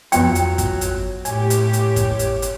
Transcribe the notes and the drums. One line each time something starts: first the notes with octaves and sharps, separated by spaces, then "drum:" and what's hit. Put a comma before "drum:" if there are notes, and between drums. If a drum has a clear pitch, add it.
F2 F#3 B3 F4 G5, drum: hi-hat
drum: hi-hat
drum: kick, hi-hat
drum: hi-hat
A2 G4 C#5 G#5, drum: hi-hat
drum: hi-hat
drum: hi-hat
drum: kick, hi-hat
drum: hi-hat
drum: hi-hat